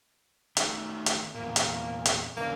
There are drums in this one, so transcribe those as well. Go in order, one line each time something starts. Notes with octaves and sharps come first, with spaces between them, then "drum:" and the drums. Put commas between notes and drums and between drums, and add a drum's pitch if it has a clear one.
D#3 A3, drum: hi-hat
drum: hi-hat
E2 A#2 A#3
drum: hi-hat
drum: hi-hat
E2 C#3 A#3 D4